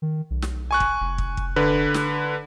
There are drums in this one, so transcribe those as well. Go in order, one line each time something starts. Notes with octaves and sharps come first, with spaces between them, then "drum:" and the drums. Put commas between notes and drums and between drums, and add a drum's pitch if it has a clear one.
D#3
B1
drum: snare
G#5 C#6 F#6
drum: kick
F1
drum: kick
drum: kick
D3 B4
drum: snare